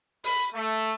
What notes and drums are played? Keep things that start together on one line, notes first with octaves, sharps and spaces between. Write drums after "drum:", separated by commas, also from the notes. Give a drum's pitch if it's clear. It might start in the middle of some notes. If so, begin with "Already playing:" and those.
B5, drum: open hi-hat
A3